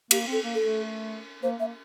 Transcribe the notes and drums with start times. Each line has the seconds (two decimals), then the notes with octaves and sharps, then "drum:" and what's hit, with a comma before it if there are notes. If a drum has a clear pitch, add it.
0.11 A#3 G4, drum: cymbal
0.27 C4
0.32 A4
0.44 A#3
0.55 A4
0.61 A3
1.43 A#3 C5
1.60 A#3 E5